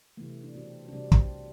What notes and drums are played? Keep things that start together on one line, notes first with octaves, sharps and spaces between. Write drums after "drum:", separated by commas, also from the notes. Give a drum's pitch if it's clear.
C3 E3 A3 B3
D4
B2 A3 C4
D4
C3 G3 C4
drum: kick